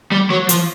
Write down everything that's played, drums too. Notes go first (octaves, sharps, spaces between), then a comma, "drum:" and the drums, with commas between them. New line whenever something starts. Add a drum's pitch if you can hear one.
G3
F#3
F3, drum: hi-hat